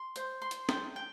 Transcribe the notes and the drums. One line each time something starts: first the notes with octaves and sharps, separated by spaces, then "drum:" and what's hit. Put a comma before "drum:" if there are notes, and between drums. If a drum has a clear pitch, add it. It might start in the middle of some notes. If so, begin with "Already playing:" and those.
Already playing: C6
C5, drum: hi-hat
C6
drum: hi-hat
G5, drum: snare
G5